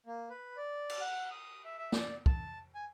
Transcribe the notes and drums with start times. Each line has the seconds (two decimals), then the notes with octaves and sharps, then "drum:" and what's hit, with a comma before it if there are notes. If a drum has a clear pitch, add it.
0.06 A#3
0.30 B4
0.57 D5
0.90 drum: cymbal
1.01 F#5
1.31 D#6
1.65 E5
1.78 E5
1.92 D5, drum: snare
2.26 A5, drum: kick
2.75 G#5